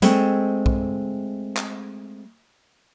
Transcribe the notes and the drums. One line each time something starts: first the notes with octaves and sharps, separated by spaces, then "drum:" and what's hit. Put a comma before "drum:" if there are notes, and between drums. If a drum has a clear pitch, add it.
G#3 A3 C4, drum: hi-hat
drum: kick
drum: clap